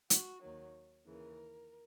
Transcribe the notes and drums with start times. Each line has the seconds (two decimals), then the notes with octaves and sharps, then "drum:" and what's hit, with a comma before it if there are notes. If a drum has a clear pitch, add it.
0.10 F#4, drum: hi-hat
0.42 D#2 D#3 F#3
1.07 D#2 C#3 E3 A#4